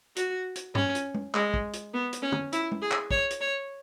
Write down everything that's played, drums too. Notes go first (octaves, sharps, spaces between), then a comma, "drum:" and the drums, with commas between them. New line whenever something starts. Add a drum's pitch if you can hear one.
F#4, drum: hi-hat
drum: hi-hat
C#4, drum: tom G2
drum: hi-hat
drum: tom
G#3, drum: clap
drum: kick
drum: hi-hat
B3
drum: hi-hat
C#4
drum: tom
E4, drum: hi-hat
drum: tom
G#4
drum: clap
C#5, drum: kick
drum: hi-hat
C#5